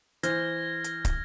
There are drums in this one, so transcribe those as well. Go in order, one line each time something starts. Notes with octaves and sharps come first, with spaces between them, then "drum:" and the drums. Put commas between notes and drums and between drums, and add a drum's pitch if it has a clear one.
E3 C5 F6 G#6 A#6, drum: hi-hat
drum: hi-hat
drum: kick, hi-hat